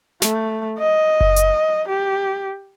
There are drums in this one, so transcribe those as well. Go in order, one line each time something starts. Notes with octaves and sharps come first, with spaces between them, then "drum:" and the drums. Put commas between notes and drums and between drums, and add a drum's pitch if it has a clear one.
A3, drum: snare
D#5
drum: kick F#1
drum: hi-hat
G4